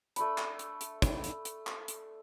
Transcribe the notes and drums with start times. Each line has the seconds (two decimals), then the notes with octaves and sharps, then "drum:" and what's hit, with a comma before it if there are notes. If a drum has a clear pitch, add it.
0.16 A3 D4 B5, drum: hi-hat
0.38 drum: clap
0.59 drum: hi-hat
0.81 drum: hi-hat
1.02 drum: kick, hi-hat
1.24 drum: hi-hat
1.45 drum: hi-hat
1.67 drum: clap
1.88 drum: hi-hat